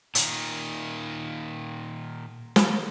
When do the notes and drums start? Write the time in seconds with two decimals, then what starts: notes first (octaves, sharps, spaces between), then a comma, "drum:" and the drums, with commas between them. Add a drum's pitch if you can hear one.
0.15 A#2 D#3, drum: hi-hat
2.56 drum: snare